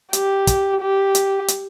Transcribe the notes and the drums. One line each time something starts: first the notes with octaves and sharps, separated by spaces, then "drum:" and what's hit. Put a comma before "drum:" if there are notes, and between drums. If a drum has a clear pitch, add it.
G4, drum: hi-hat
drum: kick, hi-hat
G4
drum: hi-hat
drum: hi-hat